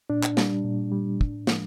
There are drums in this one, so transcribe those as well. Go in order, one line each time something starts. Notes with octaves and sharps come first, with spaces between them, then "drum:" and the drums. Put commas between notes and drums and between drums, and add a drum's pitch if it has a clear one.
A#2 D4
drum: clap
G3, drum: snare
A#2
G3
A2, drum: kick
F3 G#3, drum: snare